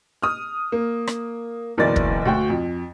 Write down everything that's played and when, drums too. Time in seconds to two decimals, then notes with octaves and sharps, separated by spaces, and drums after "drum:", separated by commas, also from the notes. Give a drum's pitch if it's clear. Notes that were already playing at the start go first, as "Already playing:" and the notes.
0.22 D#6 F6
0.72 A#3
1.07 drum: rim click
1.78 F#1 B1 E3 A#4 D5 A6
1.96 drum: kick
2.25 D2 F#4 G5
2.50 F2